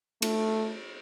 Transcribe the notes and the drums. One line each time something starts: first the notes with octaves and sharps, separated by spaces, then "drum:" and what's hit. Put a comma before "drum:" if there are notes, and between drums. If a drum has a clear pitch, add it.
A3, drum: cymbal